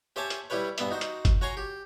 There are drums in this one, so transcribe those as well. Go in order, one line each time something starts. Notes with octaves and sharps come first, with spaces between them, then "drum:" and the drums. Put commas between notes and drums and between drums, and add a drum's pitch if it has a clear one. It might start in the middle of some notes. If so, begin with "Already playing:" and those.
G4 C5 C#5 E5 G#5 A5
drum: hi-hat
G3 E4 G4 B4 C#5
G2 B3 E5, drum: hi-hat
D#4 F#4 C5
drum: hi-hat
drum: kick, hi-hat
F#4 C#5 G#5 A#5 C6
G4